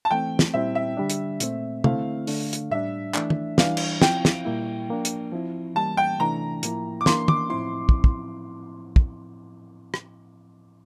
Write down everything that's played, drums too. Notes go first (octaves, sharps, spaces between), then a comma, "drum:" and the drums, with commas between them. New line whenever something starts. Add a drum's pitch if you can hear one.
A5
E3 A3 C4 G5
drum: snare
A#2 G3 C4 E4 E5
E5
D3 G3 D4
drum: hi-hat
A#2 A3 C4, drum: hi-hat
D3 A3 C4 E4 F5, drum: tom
D3 A3 D4, drum: open hi-hat
drum: hi-hat
A2 G3 D4 E5
E3 A3 D4, drum: clap
drum: tom
E3 G3 D4 F5, drum: snare
drum: cymbal
F3 C4 E4 G5, drum: snare
drum: snare
A#2 G3 A#3 E4
F3 A#3 D4
drum: hi-hat
F3 C4 E4
E3 G3 A#3 A5
G5
C3 E3 A3 D4 A#5
A2 F3 A#3 E4, drum: hi-hat
D6
E3 A#3 D4 C6, drum: snare
D6, drum: tom
A2 F3 C4 E4 C6
drum: kick
drum: kick
drum: kick
drum: rim click